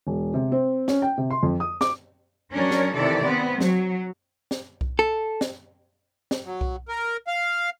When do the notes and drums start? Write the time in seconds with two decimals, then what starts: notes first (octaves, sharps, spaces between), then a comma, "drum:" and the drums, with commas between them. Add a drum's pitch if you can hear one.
0.07 E1
0.34 C3
0.52 C4
0.88 C#4, drum: snare
1.02 G5
1.18 C3
1.30 C6
1.43 F2
1.60 D#6
1.81 D6, drum: snare
2.53 F#3 C#4 D4 A#4 C#5
2.71 drum: snare
2.95 C3 D#3 E3 A4 D5
3.24 B3 C4
3.61 F#3, drum: snare
4.51 drum: snare
4.81 drum: kick B1
4.99 A4
5.41 drum: snare
6.31 drum: snare
6.45 F#3
6.61 drum: kick B1
6.89 A#4
7.27 F5